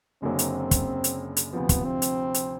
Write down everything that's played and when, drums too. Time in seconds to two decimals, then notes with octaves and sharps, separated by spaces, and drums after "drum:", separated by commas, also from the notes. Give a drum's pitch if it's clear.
0.22 F#1 F#2 D3 F#3 A#3 C4
0.39 drum: hi-hat
0.71 drum: kick, hi-hat
1.04 drum: hi-hat
1.37 drum: hi-hat
1.53 D2 C3 F3 B3
1.69 drum: kick, hi-hat
1.85 C4
2.02 drum: hi-hat
2.34 drum: hi-hat